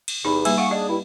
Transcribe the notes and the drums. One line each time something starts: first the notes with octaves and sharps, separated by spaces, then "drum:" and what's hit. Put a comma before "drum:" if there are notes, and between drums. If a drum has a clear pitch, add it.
drum: cymbal
E2 C3 D#4 B5
G3 A#3, drum: cymbal
G#4 F5 F#5 C#6
D4 G#4 D#5
G2 E4